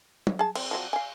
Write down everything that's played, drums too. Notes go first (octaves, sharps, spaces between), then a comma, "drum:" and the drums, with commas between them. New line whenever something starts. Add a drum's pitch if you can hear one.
drum: tom
G#4 A5
C4, drum: cymbal
F3 F#3 C4
F5 G#5